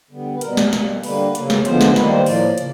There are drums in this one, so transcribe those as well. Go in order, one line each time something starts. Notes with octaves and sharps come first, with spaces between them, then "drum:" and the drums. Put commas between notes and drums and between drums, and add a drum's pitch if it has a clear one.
D3 G3 B3
B4
B2 G3 B3 A#4, drum: hi-hat
drum: snare
B2 G3 A#3, drum: snare
D3 G3 A#3 B4, drum: open hi-hat
C#3 F#3 A#3, drum: hi-hat
drum: snare
D3 F3 G#3 B3 C5, drum: hi-hat
drum: snare
D#3 G3 A#3 B4, drum: snare
C5
A2 F3 A#3 D5, drum: open hi-hat
C#3, drum: hi-hat